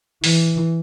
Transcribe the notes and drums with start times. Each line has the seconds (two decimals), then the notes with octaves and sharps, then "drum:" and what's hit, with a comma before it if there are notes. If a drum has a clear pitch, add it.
0.24 E3, drum: open hi-hat